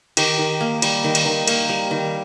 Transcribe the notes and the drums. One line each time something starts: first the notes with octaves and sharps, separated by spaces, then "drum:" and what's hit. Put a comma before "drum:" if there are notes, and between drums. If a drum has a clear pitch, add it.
D#3 G4, drum: cymbal
D#3
A#3
G3, drum: cymbal
D#3
drum: cymbal
D#3
A#3, drum: cymbal
G3
D#3